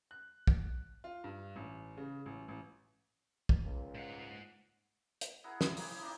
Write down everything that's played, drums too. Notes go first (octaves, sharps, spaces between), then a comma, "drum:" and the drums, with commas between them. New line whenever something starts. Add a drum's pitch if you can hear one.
F#6
drum: kick
F4
G2
A1
C#3
A1
A1
drum: kick
C#2 A#2
G#2 F#5
drum: hi-hat
E4 G#4 A#4 F#5
A3 E4, drum: snare
A#3 D#4 G4 G#4, drum: open hi-hat
E4
D4 D#4 F4 G4